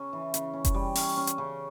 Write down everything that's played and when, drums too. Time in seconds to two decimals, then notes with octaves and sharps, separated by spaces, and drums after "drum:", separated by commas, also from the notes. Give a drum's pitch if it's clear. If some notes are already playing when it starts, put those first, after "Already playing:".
Already playing: C#3 C#4
0.13 E3
0.34 C#3, drum: hi-hat
0.53 C#4
0.65 drum: kick F1, hi-hat
0.74 G3
0.95 C#4, drum: open hi-hat
1.17 C#4
1.27 drum: hi-hat
1.38 C#3